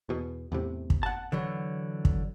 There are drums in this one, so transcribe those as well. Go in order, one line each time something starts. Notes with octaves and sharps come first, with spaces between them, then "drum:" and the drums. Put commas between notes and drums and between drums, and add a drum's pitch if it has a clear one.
E2 B2
E2 A2 C3
drum: kick
F#5 A5
D3 E3 F#3
drum: kick